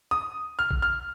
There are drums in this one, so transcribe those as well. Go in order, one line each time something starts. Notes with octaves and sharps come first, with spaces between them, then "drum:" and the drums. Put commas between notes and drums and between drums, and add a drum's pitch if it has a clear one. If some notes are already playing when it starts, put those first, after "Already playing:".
D#6
F6
drum: kick
F6